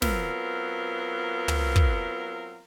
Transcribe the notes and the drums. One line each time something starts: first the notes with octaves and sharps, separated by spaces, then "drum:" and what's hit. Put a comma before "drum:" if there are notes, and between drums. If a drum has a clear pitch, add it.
F#3 B3 C4 F4 A#4, drum: snare
drum: tom
drum: kick